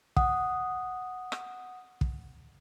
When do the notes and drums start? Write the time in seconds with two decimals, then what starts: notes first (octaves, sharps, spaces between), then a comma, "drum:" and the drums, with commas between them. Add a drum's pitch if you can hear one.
0.17 F#5 D#6, drum: kick
1.32 drum: rim click
2.01 drum: kick